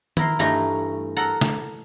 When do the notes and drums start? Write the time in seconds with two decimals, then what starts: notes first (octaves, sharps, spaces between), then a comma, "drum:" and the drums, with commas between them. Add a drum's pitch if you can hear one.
0.17 E4 A#4 C6, drum: tom D#3
0.39 G2 E3 A3 D#4 A#5
1.17 A4 A#4 F#5 A#5
1.41 drum: snare